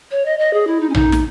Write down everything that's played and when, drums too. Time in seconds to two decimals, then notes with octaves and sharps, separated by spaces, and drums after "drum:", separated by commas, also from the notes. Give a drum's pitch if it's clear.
0.11 C#5
0.25 D#5
0.39 D#5
0.53 G#4
0.67 E4
0.80 D#4
0.89 C#4
0.94 D#4, drum: tom A#1
1.12 drum: snare